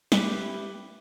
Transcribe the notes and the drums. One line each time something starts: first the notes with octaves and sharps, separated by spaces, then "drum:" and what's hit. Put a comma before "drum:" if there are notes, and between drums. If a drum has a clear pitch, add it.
E4 G4 B4, drum: snare